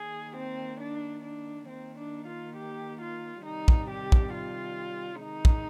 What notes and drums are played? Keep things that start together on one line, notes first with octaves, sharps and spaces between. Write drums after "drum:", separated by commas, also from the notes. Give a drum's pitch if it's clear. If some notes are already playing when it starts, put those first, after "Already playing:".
Already playing: D#3 A#3 G#4
C4
D4
D4
D#3 A#3 C4
D4
F4
G4
F4
C3 D#3 G3 D#4
drum: kick
G4
drum: kick
F4
D#3 G#3 D#4
drum: kick